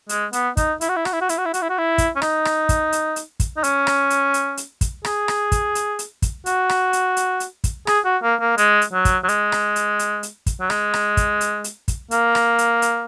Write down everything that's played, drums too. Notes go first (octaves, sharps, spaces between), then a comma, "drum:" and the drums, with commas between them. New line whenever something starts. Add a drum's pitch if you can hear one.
G#3, drum: hi-hat
B3, drum: hi-hat
D#4, drum: kick, hi-hat
E4, drum: hi-hat
F#4
E4
F#4, drum: rim click
E4
F#4
E4, drum: hi-hat
F#4
E4
F#4, drum: hi-hat
E4
F#4
E4
drum: kick, hi-hat
C#4
D#4, drum: rim click
drum: rim click
drum: kick, hi-hat
drum: hi-hat
drum: hi-hat
drum: kick, hi-hat
D#4
C#4, drum: hi-hat
drum: rim click
drum: hi-hat
drum: hi-hat
drum: hi-hat
drum: kick, hi-hat
G#4, drum: rim click
drum: rim click
drum: kick, hi-hat
drum: hi-hat
drum: hi-hat
drum: kick, hi-hat
F#4, drum: hi-hat
drum: rim click
drum: hi-hat
drum: hi-hat
drum: hi-hat
drum: kick, hi-hat
G#4, drum: rim click
F#4
A#3
A#3
G#3, drum: hi-hat
drum: hi-hat
F#3
drum: kick, hi-hat
F#3
G#3, drum: hi-hat
drum: rim click
drum: hi-hat
drum: hi-hat
drum: hi-hat
drum: kick, hi-hat
F#3
G#3, drum: rim click
drum: rim click
drum: kick, hi-hat
drum: hi-hat
drum: hi-hat
drum: kick, hi-hat
A#3, drum: hi-hat
drum: rim click
drum: hi-hat
drum: hi-hat